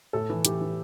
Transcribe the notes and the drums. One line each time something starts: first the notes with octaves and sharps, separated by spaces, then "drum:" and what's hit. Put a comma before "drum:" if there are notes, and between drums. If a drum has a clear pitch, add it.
A2 A4
E3
E3 G4, drum: hi-hat
E3